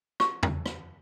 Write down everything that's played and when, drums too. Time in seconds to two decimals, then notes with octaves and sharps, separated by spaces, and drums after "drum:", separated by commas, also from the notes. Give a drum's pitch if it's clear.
0.20 C#6, drum: rim click
0.43 drum: tom
0.66 drum: rim click